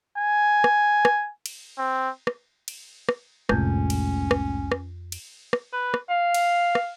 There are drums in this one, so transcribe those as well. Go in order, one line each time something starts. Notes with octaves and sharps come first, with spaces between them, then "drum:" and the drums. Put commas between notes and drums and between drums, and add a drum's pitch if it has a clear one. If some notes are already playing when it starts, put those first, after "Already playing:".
G#5
drum: rim click
drum: rim click
drum: cymbal
C4
drum: rim click
drum: cymbal
drum: rim click
F1 C2 F2 A2 C3 G#3 C#4 G6, drum: rim click
drum: cymbal
drum: rim click
drum: rim click
drum: cymbal
drum: rim click
B4
drum: rim click
F5
drum: cymbal
drum: rim click